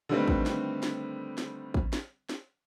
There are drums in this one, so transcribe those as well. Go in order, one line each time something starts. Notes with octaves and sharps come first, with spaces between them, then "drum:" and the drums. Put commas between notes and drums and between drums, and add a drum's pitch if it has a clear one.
D3 D#3 G3 A3 C4 B4
drum: kick
drum: snare
drum: snare
drum: snare
drum: kick
drum: snare
drum: snare